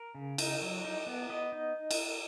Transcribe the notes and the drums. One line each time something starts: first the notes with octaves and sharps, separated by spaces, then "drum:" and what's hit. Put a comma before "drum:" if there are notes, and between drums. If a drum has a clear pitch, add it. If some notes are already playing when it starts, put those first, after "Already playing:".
Already playing: A#4
C#3
D#4, drum: cymbal
F#3
D#4
B3
B3 D#5
D#4
drum: cymbal